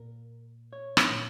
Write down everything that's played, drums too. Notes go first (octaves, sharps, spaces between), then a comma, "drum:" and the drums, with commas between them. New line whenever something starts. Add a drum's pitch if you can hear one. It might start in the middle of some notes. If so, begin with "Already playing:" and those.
Already playing: A#2 A#4
C#5
drum: rim click
A#2